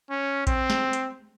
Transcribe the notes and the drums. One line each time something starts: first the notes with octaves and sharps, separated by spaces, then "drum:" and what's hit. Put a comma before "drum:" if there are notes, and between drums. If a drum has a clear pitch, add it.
C#4
C4, drum: kick A#1, hi-hat
drum: snare
drum: hi-hat